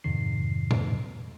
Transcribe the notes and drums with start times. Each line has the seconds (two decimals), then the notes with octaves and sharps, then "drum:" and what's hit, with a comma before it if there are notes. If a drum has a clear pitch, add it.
0.04 F2 G#2 C3 D#3 C7
0.71 drum: tom A#2